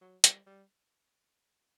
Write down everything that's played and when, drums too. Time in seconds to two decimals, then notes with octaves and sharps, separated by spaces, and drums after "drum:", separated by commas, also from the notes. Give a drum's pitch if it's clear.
0.01 F#3
0.24 G3, drum: hi-hat
0.47 G3